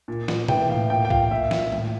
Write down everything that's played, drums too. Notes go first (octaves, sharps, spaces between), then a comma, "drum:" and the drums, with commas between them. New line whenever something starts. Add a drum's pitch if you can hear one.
A#2
A#2, drum: snare
E3 G5, drum: tom B2
A2 F5
A#2 G5
G5
A#2 F5, drum: kick
A#2 E5
A#2, drum: snare
A2, drum: tom G#3